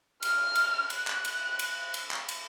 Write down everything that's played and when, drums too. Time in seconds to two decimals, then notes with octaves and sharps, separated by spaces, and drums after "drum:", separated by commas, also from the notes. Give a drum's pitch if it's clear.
0.22 F6, drum: cymbal
0.55 drum: cymbal
0.90 F#6, drum: cymbal
1.07 drum: clap
1.25 drum: cymbal
1.59 drum: cymbal
1.94 drum: cymbal
2.11 drum: clap
2.29 drum: cymbal